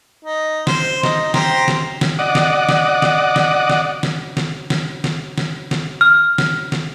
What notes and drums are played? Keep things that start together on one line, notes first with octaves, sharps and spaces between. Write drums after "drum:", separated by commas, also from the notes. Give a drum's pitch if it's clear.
D#4
C5, drum: snare
D#4, drum: snare
G4 C5 A#5, drum: snare
drum: snare
drum: snare
D5 D#5 F#5
drum: snare
drum: snare
drum: snare
drum: snare
drum: snare
drum: snare
drum: snare
drum: snare
drum: snare
drum: snare
drum: snare
F6
drum: snare
drum: snare